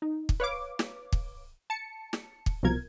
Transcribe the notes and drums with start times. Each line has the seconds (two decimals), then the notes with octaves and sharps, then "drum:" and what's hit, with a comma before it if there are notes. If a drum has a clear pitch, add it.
0.02 D#4
0.29 drum: kick
0.40 B4 C#5 F5 D6
0.79 drum: snare
1.13 drum: kick
1.70 A5 C#7
2.13 drum: snare
2.46 drum: kick
2.63 C2 B2 F3 A#4 G#6